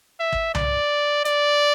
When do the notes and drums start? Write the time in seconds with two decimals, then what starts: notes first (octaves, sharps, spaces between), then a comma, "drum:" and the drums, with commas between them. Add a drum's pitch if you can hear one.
0.20 E5
0.32 drum: kick
0.55 D5, drum: tom C2
1.25 D5, drum: hi-hat